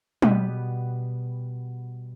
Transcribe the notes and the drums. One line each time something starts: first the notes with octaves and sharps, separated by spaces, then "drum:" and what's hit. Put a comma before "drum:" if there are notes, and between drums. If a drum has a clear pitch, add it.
B2 G3 B3, drum: tom